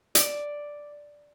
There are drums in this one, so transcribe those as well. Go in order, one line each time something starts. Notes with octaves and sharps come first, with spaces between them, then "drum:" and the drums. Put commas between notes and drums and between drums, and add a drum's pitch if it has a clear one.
D5, drum: hi-hat